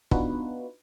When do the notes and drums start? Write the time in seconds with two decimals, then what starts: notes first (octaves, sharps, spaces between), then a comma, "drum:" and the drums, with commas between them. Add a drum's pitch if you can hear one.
0.11 B3 D4 D#4 F4 F#4 B4, drum: kick